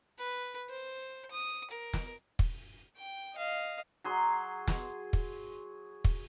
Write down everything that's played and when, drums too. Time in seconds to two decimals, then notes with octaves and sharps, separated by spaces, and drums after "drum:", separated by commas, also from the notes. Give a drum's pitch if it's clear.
0.18 B4
0.69 C5
1.31 D#6
1.71 A#4
1.93 drum: snare
2.39 drum: kick
2.97 G5
3.35 D#5 F5
4.04 F#3 G#4 C6
4.67 drum: snare
5.13 drum: kick
6.05 drum: kick